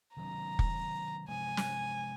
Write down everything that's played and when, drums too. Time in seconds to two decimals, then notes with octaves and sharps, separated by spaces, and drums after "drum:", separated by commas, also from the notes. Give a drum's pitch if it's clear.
0.16 C3 D#3 F#3 C#4 A#5
0.59 drum: kick
1.28 C3 F3 G#3 G#5
1.57 drum: snare